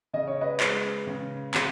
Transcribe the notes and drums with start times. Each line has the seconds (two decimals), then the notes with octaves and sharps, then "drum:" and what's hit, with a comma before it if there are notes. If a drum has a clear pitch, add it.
0.13 C#3 D#5
0.27 C#5
0.41 B4 D#5
0.60 G#3, drum: clap
1.07 C#3
1.54 C#3, drum: clap